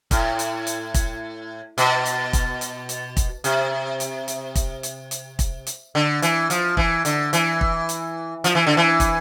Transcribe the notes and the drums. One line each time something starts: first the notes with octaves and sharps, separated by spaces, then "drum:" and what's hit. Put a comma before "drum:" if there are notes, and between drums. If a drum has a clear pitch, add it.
A2, drum: kick, hi-hat
drum: hi-hat
drum: hi-hat
drum: kick, hi-hat
B2, drum: hi-hat
drum: hi-hat
drum: kick, hi-hat
drum: hi-hat
drum: hi-hat
drum: kick, hi-hat
C3, drum: hi-hat
drum: hi-hat
drum: hi-hat
drum: kick, hi-hat
drum: hi-hat
drum: hi-hat
drum: kick, hi-hat
drum: hi-hat
D3
E3, drum: hi-hat
F3, drum: hi-hat
E3, drum: kick
D3, drum: hi-hat
E3, drum: hi-hat
drum: kick
drum: hi-hat
F3, drum: hi-hat
E3
D3
E3
drum: kick, hi-hat